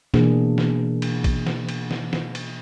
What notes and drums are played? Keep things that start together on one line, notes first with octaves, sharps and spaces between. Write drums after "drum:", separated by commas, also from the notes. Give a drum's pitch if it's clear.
B2 E3 A#3 D4 G#4, drum: snare
drum: snare
drum: cymbal
drum: kick, cymbal
drum: snare
drum: cymbal
drum: snare
drum: snare
drum: cymbal